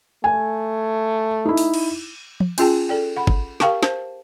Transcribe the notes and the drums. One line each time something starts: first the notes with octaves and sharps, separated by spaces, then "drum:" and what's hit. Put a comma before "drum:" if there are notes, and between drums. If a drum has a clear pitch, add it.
A3 G#5
D#4 E4
drum: open hi-hat
drum: cymbal
drum: tom F3
C#4 F4 G#4 G5 A5, drum: cymbal
A4 D5 G5
F#5 B5
drum: kick G1
G4 A#4 F5 G5 A5 C#6, drum: snare
C5 A5, drum: snare